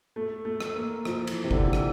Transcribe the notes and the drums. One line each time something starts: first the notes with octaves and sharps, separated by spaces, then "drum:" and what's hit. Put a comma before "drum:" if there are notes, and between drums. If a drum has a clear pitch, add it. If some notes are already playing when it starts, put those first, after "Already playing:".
A3
A3
drum: rim click
A#3
F3, drum: rim click
E3, drum: cymbal
C3
D3, drum: kick
F3
E3, drum: rim click